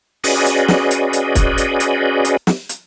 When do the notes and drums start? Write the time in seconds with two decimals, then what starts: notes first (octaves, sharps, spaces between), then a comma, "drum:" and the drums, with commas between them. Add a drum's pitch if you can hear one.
0.24 C#4 F#4 G#4 B4 D5 D#5, drum: open hi-hat
0.46 drum: hi-hat
0.68 drum: snare
0.91 drum: hi-hat
1.13 drum: hi-hat
1.35 drum: kick, hi-hat
1.58 drum: hi-hat
1.80 drum: hi-hat
2.25 drum: hi-hat
2.47 drum: snare
2.69 drum: hi-hat